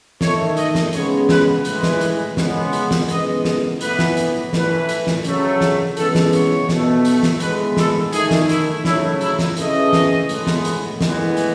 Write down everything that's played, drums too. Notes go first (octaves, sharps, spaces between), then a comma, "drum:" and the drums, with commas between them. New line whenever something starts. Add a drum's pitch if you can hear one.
D#3 A3 C#5, drum: snare
D#5, drum: hi-hat
drum: snare
C#3 G#3 B3 C#5, drum: hi-hat
B4, drum: snare
A2 E3 G#3 B4, drum: hi-hat
drum: snare
drum: hi-hat
C#3 G#3 B3, drum: snare
drum: hi-hat
drum: snare
C#3 E3 G#3 B3 D#5, drum: hi-hat
D#5, drum: snare
A2 E3 B3 B4, drum: hi-hat
drum: snare
drum: hi-hat
A2 E3 A3 B4, drum: snare
drum: hi-hat
drum: snare
C#3 F#3 A3, drum: hi-hat
drum: snare
C#3 E3 G#3 B3 A4, drum: hi-hat
drum: snare
C#5, drum: hi-hat
B2 A3, drum: snare
drum: hi-hat
drum: snare
A2 G#3 B3 B4, drum: hi-hat
A4, drum: snare
D#3 A3 G#4, drum: hi-hat
drum: snare
E4, drum: hi-hat
C#3 F#3 A3 E4, drum: snare
E4, drum: hi-hat
drum: snare
C#3 E3 A3 D#5, drum: hi-hat
drum: snare
A2 G#3 B3, drum: hi-hat
drum: snare
drum: hi-hat
A2 E3 G#3 B3, drum: snare
drum: hi-hat